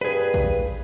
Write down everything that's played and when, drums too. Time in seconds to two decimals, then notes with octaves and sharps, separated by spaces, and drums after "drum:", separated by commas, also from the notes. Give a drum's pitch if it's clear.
0.01 G2 G#4 B4
0.34 drum: kick